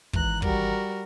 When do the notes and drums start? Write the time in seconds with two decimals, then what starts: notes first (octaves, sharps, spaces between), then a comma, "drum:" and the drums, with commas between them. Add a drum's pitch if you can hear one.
0.13 G#1 E3 A#5 F#6, drum: kick
0.42 G3 F#4 A#4, drum: kick